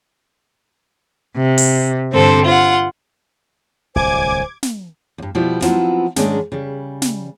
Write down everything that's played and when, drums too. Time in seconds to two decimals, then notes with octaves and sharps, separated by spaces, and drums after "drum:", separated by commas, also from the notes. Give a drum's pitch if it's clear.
1.36 C3
1.58 drum: open hi-hat
2.12 G2 D3 C4 A4 C5
2.45 F4 F#5
3.96 D1 C2 C5 G#5 D6 G#6
4.63 drum: snare
5.18 E2 G2
5.35 B2 F3 G3 E4 G4
5.62 F3 F#3 B3 C4 E4 F4, drum: snare
6.16 G#2 D#3 G#3 C#4 D4, drum: snare
6.52 C#3 G3
7.02 drum: snare